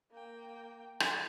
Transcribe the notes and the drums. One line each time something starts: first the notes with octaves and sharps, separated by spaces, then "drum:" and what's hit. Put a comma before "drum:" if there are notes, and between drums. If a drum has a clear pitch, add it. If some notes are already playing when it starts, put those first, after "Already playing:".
A#3 G5
drum: rim click